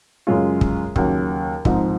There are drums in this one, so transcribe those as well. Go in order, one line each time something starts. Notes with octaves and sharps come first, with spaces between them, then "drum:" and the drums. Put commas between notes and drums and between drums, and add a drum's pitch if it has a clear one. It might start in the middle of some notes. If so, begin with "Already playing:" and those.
F#2 C#3 G#3 C#4 F4
drum: kick
D#2 C#3 F#3, drum: kick
G#2 F3 C4 D#4, drum: kick